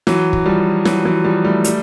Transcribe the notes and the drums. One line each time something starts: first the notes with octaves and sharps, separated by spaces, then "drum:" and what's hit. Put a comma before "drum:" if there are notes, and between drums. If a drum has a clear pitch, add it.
E3 F#3, drum: snare
drum: kick
F3 G3
E3 F#3, drum: snare
E3 F#3
F3 G3
G3 A3
G3 A3, drum: hi-hat